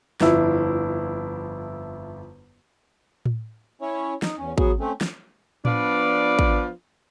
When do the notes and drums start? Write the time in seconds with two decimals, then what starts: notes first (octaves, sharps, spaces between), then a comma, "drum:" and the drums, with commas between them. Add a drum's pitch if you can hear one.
0.21 G1 F2 E4, drum: snare
3.26 drum: tom A2
3.82 C#4 E4 C#5
4.22 D#4, drum: snare
4.38 E2 C#4
4.58 F#3 B3 F#4 G#4, drum: kick A1
4.80 A3 C4 C#4
5.01 drum: snare
5.65 F3 B3 D4 F4 B4 D5, drum: tom A2
6.39 drum: kick A1